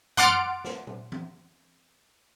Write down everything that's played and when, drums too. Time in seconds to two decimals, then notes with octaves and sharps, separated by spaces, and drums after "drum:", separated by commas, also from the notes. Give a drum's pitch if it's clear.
0.17 F#5 C6 D6 F6 A6 D7, drum: tom F#2
0.64 drum: snare
0.87 drum: tom
1.12 drum: tom E3